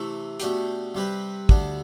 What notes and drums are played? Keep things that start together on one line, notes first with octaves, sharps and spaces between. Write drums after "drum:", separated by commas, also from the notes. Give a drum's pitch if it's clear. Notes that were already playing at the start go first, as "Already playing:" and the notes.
Already playing: C3 E3 A3
B2 A3 D4 G4, drum: hi-hat
C3 G3 C4 G4 B4
D2 D3 G3 D4, drum: kick